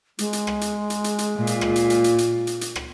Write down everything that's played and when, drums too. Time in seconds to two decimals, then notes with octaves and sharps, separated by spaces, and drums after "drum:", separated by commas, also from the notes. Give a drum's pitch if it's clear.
0.19 G#3, drum: hi-hat
0.33 drum: hi-hat
0.47 drum: rim click
0.61 drum: hi-hat
0.90 drum: hi-hat
1.04 drum: hi-hat
1.18 drum: hi-hat
1.38 A#2 F4
1.47 drum: hi-hat
1.61 drum: rim click
1.76 drum: hi-hat
1.90 drum: hi-hat
2.04 drum: hi-hat
2.18 drum: hi-hat
2.47 drum: hi-hat
2.61 drum: hi-hat
2.76 drum: rim click